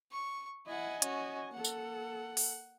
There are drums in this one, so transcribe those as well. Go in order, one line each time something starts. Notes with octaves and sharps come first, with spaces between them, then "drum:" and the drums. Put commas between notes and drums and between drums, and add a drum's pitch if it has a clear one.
C#6
E4 D#5 F#5 G#5
C#4 F#4, drum: hi-hat
A#3 A4 F#5
drum: tambourine
drum: open hi-hat